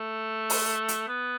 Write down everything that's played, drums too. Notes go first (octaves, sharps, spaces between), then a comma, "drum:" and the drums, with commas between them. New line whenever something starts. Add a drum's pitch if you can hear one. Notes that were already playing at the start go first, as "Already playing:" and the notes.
Already playing: A3
drum: open hi-hat
drum: hi-hat
B3